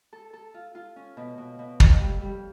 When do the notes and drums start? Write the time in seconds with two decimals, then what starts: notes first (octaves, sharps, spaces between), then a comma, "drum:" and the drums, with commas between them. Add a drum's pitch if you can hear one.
0.13 A4
0.33 A4
0.54 F4
0.75 F4
0.96 C#4
1.17 B2
1.38 B2
1.59 B2
1.80 F2, drum: kick
2.00 G3
2.22 G3